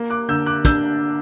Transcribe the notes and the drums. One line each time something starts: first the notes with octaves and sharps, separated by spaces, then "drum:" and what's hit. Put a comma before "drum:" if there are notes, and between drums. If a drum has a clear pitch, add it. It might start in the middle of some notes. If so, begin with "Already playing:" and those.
Already playing: A#3
D6 F#6
D3 E6 G6
D6 F#6
D4 E6 G6, drum: kick, hi-hat